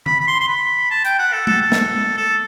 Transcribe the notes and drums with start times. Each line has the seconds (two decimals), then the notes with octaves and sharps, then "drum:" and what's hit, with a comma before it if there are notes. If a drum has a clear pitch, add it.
0.06 B5, drum: tom D#3
0.20 B5
0.27 C6
0.40 C6
0.48 B5
0.91 A5
1.05 G5, drum: hi-hat
1.19 F#5
1.33 A4
1.47 A4, drum: tom G#3
1.61 A4
1.72 drum: snare
2.17 A4